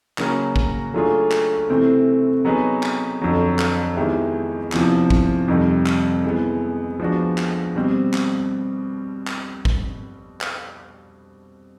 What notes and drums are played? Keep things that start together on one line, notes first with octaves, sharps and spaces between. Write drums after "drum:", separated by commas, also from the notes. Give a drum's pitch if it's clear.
C#3 F#3 A#3 C#4 F#4, drum: clap
drum: kick G#1
F#3 A3 D4 F4 G#4
drum: clap
C3 E3 A3 C4
F#3 B3 D#4 G#4 B4
drum: clap
F2 D3 F#3
drum: clap
D#3 G#3 B3 E4 G4
E2 C3 F3, drum: clap
drum: kick G#1
F2 C3 D#3 G3
drum: clap
E3 G#3 B3
F3 G#3 B3 D4 F#4
drum: clap
B2 G3 C4
drum: clap
drum: clap
drum: kick G#1
drum: clap